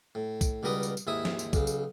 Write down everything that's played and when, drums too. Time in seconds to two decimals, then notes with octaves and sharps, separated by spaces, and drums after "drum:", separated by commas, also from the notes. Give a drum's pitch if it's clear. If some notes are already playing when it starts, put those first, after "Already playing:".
0.15 A2
0.41 drum: kick, tambourine
0.63 C#2 B2 G3 A#4 B4 D#6
0.83 drum: tambourine
0.97 drum: tambourine
1.07 D#2 G#2 E4 E5 D#6
1.25 drum: snare
1.39 drum: tambourine
1.53 B1 C#3, drum: kick, tambourine
1.67 drum: tambourine